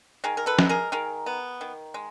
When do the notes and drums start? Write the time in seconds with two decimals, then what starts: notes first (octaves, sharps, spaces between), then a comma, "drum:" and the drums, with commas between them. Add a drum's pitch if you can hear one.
0.24 D#3 G#4 A#4
0.37 A#4
0.46 A4 B4
0.59 G#3, drum: snare
0.69 G#4 A#4
0.92 D#3 G#4 A#4
1.26 B3
1.61 D#3
1.94 G#3